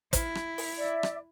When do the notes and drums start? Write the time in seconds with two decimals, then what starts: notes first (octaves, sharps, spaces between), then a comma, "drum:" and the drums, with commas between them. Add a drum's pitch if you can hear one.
0.13 E4, drum: kick, hi-hat
0.35 drum: rim click
0.58 drum: open hi-hat
0.76 D5 E5
1.03 drum: rim click